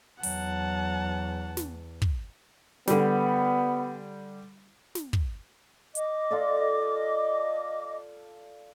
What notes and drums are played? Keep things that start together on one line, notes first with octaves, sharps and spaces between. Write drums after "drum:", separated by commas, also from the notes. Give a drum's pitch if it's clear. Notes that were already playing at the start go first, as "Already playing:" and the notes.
E2 F#3 F#5 A5, drum: open hi-hat
drum: snare
drum: kick
D3 G3 B3, drum: snare
drum: snare
drum: kick
D#5 D6, drum: hi-hat
F4 A4 D5